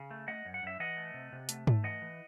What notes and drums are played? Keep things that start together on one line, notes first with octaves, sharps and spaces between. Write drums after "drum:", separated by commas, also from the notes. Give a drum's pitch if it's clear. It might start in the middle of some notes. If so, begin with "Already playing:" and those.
Already playing: C#3
A3
A3 D#5 F#5
F#2
F#5
F#2 E5
E3 D#5 F#5
A3
C3
C3
A3, drum: hi-hat
A3, drum: tom G#2
E3 D#5 F#5
E3